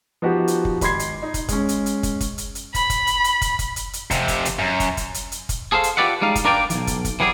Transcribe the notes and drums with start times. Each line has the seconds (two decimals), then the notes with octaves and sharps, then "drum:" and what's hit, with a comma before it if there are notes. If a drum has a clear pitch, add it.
0.22 F3 B3 D#4 F#4 G4
0.48 drum: hi-hat
0.65 drum: kick
0.81 G#1 B5 C6 G#6 C7, drum: kick, hi-hat
0.99 drum: hi-hat
1.22 D#4
1.34 drum: kick, hi-hat
1.49 G#3 C#4, drum: kick, hi-hat
1.69 drum: hi-hat
1.86 drum: hi-hat
2.03 drum: kick, hi-hat
2.20 drum: kick, hi-hat
2.38 drum: hi-hat
2.55 drum: hi-hat
2.75 B5, drum: kick, hi-hat
2.90 drum: kick, hi-hat
3.07 drum: hi-hat
3.24 drum: hi-hat
3.42 drum: kick, hi-hat
3.59 drum: kick, hi-hat
3.76 drum: hi-hat
3.93 drum: hi-hat
4.11 F2 C3, drum: kick, hi-hat
4.28 drum: kick, hi-hat
4.45 drum: hi-hat
4.59 F#2
4.80 drum: kick, hi-hat
4.97 drum: kick, hi-hat
5.14 drum: hi-hat
5.32 drum: hi-hat
5.49 drum: kick, hi-hat
5.72 G#4 A4 C5 F5
5.84 drum: hi-hat
5.97 F4 G4 B4 D5 E5 F#5
6.21 G3 G#3 D#4 F5
6.35 drum: kick, hi-hat
6.45 D4 A#4 B4 D5 F5 G5
6.70 B1 E3, drum: hi-hat
6.87 drum: kick, hi-hat
7.05 drum: kick, hi-hat
7.20 E3 F#3 G3 G#4